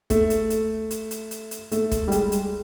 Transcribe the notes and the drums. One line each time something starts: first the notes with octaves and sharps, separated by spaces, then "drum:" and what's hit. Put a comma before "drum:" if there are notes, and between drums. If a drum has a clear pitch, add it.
A3, drum: kick, hi-hat
drum: hi-hat
drum: hi-hat
drum: hi-hat
drum: hi-hat
drum: hi-hat
drum: hi-hat
A3, drum: hi-hat
drum: kick, hi-hat
G3
G#3, drum: hi-hat
drum: hi-hat